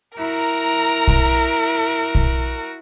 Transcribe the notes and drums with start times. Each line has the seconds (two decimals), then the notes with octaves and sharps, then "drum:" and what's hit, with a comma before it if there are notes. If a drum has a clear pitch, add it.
0.18 E4 F#4 A#4 A#5
1.08 drum: kick
2.15 drum: kick